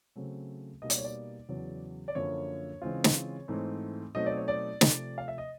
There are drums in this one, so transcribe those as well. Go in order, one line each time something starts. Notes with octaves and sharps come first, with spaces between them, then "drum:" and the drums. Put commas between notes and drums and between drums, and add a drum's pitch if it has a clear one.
C#3 F#3 A3 C4
B2 G3 A#3 D#4 D#5
D5, drum: hi-hat
C#5
D5
E2 C#3 F#3
D5
F#2 D3 F3 A#3 C#5
C#3 E3 G#3 C4 F4
drum: snare
G#2 E3 A3 C4
B2 F#3 A3 C4 D#4 D#5
D5
C#5
D5
C3 F3 A3, drum: snare
F5
E5
D#5